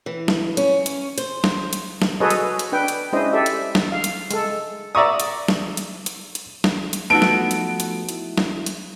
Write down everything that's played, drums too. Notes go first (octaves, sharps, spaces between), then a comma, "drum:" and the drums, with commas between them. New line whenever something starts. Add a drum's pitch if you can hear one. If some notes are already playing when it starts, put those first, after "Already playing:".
E3
drum: snare
C#4, drum: hi-hat
drum: hi-hat
C5, drum: hi-hat
drum: snare
drum: hi-hat
drum: snare
F#4 G#4 A4 B4 C#5 D#5
drum: hi-hat
drum: hi-hat
D4 B4 G5
drum: hi-hat
G#3 C#4 D4 E4 C5 D#5
G4 A4 D5 E5
drum: hi-hat
drum: snare
F5
drum: hi-hat
G#3 A4, drum: hi-hat
D5 E5 A#5 C#6 D#6
drum: hi-hat
drum: snare
drum: hi-hat
drum: hi-hat
drum: hi-hat
drum: snare
drum: hi-hat
F3 A3 B3 D#4 F#4 A5 E6 D7
drum: snare
drum: hi-hat
drum: hi-hat
E4, drum: hi-hat
drum: snare
drum: hi-hat